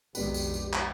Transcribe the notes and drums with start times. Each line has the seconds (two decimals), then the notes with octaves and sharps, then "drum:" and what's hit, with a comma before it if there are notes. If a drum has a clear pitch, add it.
0.15 B1 F2 D#3 G#3 D4 G4 B4, drum: tambourine
0.34 drum: tambourine
0.54 drum: tambourine
0.73 drum: clap